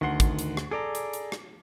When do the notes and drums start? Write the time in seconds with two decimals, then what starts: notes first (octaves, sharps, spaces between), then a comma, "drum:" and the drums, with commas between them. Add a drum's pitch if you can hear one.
0.01 D2 D#3 F#5 C6
0.20 drum: kick, hi-hat
0.39 drum: hi-hat
0.57 drum: rim click
0.71 G#4 A4 D5 A#5
0.95 drum: hi-hat
1.13 drum: hi-hat
1.32 drum: rim click